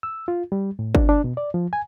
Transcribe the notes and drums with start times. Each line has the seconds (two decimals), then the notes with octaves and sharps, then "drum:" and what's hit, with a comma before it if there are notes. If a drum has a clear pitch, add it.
0.03 E6
0.28 F4
0.52 G3
0.79 A2
0.95 D4, drum: kick G1
1.09 D4
1.24 B2
1.37 D5
1.54 F3
1.73 G#5